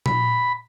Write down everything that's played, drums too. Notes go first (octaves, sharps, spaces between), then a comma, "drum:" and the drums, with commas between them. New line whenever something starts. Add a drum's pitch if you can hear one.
B5, drum: tom A#2